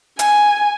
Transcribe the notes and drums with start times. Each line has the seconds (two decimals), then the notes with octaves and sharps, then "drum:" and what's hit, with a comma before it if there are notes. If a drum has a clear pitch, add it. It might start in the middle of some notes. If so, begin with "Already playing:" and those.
0.19 G#5, drum: hi-hat